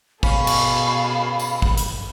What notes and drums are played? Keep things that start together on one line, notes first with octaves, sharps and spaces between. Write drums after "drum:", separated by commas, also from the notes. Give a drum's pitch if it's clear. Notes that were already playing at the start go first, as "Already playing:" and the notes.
B2 C#4 G#4 A4 F5 B5, drum: kick
drum: cymbal
drum: tambourine
drum: kick
drum: hi-hat